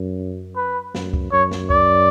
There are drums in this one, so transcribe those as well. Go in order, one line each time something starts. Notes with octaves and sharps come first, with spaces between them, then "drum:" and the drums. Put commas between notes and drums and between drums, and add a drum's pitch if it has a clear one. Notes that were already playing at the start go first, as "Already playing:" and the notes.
Already playing: F#2
B4
F#2, drum: snare
drum: kick C#2
F#2 C#5
drum: snare
D5, drum: kick C#2